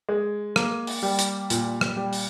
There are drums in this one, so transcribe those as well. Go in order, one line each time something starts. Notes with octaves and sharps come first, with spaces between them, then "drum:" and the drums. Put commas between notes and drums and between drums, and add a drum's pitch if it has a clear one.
G#3
A#3, drum: rim click
drum: open hi-hat
G3
drum: hi-hat
A#2, drum: hi-hat
drum: rim click
G3
drum: open hi-hat